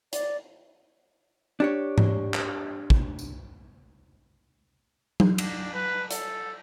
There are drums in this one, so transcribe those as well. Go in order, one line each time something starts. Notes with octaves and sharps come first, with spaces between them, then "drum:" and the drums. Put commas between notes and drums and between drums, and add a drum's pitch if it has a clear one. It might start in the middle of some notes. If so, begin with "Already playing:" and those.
D5, drum: hi-hat
D4 G4 C#5
drum: tom G#2
drum: clap
drum: kick
drum: tambourine
drum: tom F#3
D4, drum: cymbal
B4
A4, drum: hi-hat